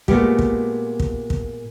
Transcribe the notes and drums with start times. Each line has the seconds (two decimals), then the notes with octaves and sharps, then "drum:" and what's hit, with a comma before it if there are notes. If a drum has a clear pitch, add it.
0.08 A#2 G#3 A3 B3 F4 G4, drum: kick
0.39 drum: kick
1.00 drum: kick
1.30 drum: kick